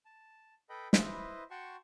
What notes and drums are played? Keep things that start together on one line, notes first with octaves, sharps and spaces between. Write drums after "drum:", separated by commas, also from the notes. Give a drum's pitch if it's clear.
A5
A4 B4 D#5 G5 B5
E4 B4 C5 D#5, drum: snare
F#4 F#5 G5 A5 C6 C#6